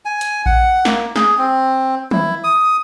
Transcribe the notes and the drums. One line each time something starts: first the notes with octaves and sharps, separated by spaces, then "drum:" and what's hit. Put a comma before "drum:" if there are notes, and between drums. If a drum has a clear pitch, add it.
G#5
drum: hi-hat
F#5, drum: kick A#1
A#3, drum: snare
G#4, drum: snare
C4
E4, drum: tom
D#6